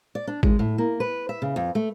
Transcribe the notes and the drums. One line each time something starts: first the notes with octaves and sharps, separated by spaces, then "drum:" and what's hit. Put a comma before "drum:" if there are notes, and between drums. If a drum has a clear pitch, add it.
D5
D4
G#3, drum: kick
A2
A#3
B4
E5
C#3
F2
A3